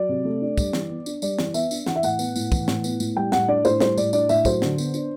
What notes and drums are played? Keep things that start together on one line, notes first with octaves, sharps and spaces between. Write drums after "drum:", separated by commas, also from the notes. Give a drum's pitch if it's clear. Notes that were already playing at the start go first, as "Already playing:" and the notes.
Already playing: F#3 D5
C3
A3
D4
G3, drum: kick, tambourine
E3, drum: snare
B3
D4, drum: tambourine
G3 D5, drum: tambourine
E3, drum: snare
B3 E5, drum: tambourine
D4, drum: tambourine
E3 F#5, drum: snare
E5
A2 F#5, drum: tambourine
B3, drum: tambourine
A2, drum: tambourine
E3, drum: kick, tambourine
A2, drum: snare
B3, drum: tambourine
A2, drum: tambourine
G3 G5
A2 F#5, drum: snare
D4 D5
A2 C5, drum: tambourine
G3 C5, drum: snare
A2 D5, drum: tambourine
D4 D5, drum: tambourine
A2 E5, drum: tambourine
F#3 C5, drum: kick, tambourine
D3, drum: snare
B3, drum: tambourine
D4, drum: tambourine